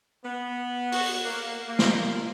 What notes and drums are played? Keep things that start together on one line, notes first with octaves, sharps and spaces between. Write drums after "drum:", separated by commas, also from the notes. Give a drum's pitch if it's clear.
B3
F#4, drum: open hi-hat
A#3
A#3
drum: snare